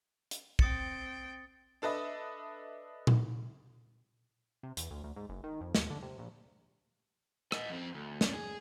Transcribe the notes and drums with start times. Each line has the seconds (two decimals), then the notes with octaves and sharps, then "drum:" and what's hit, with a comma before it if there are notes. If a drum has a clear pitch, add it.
0.31 drum: hi-hat
0.59 C4 G5 D#6 A6 C#7, drum: kick
1.82 D4 A4 B4 D#5 E5
3.07 drum: tom A#2
4.63 C3
4.77 E2, drum: hi-hat
4.91 D2
5.04 D2
5.16 G#2
5.29 F#1
5.44 D#3
5.61 F2
5.75 D#2, drum: snare
5.90 D3
6.02 C3
6.18 A#1
7.52 D#5 F#5, drum: rim click
7.69 F2 C4
7.94 D2
8.21 C#4 D4, drum: snare
8.34 G#4